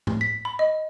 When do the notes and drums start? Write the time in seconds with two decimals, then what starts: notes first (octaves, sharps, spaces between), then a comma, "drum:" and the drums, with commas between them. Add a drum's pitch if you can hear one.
0.07 drum: tom A2
0.21 B6
0.45 B5
0.59 D#5